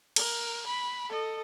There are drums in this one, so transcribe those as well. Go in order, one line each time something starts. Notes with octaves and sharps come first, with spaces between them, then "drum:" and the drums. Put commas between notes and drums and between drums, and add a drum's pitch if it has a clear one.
A#4, drum: cymbal
B5
A4 D#5